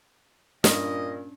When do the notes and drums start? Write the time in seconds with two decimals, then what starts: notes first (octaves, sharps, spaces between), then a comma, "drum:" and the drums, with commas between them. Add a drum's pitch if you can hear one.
0.64 G2 A#2 C#4 D4 D#5, drum: snare